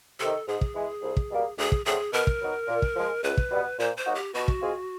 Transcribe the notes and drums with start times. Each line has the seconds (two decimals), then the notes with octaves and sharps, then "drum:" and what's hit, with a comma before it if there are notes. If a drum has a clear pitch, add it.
0.20 C3 D#3 A4
0.47 G#2 G#4
0.61 drum: kick
0.75 E3 G#3
1.02 C2
1.17 drum: kick
1.30 B2 G3 A#3
1.58 D2 G#4
1.72 drum: kick
1.86 D3 F#3 A3 C4 G#4
2.13 B2 A#4
2.27 drum: kick
2.41 F#3 B3 D#4 F#4
2.68 A#2
2.82 drum: kick
2.96 F3 G#3
3.23 C#2 B4
3.37 drum: kick
3.51 B2 G3 B3
3.79 A#2 C5
3.97 C5
4.06 F#3 A#3 D#4 F#4
4.15 G4
4.34 B2 F#4
4.48 drum: kick
4.62 G#3 C4 F4 G#4